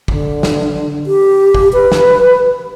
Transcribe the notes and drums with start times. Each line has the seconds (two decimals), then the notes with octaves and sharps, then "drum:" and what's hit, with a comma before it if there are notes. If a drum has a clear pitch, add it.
0.08 D3, drum: kick
0.43 drum: snare
1.07 G4
1.55 drum: kick
1.73 B4
1.92 drum: snare